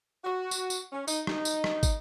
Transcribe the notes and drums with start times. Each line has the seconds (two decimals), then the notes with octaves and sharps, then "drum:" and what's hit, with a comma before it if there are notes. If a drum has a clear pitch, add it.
0.24 F#4
0.51 drum: tambourine
0.70 drum: tambourine
0.92 C#4
1.08 D#4, drum: tambourine
1.27 D#4, drum: rim click
1.45 drum: tambourine
1.64 drum: rim click
1.83 drum: kick, tambourine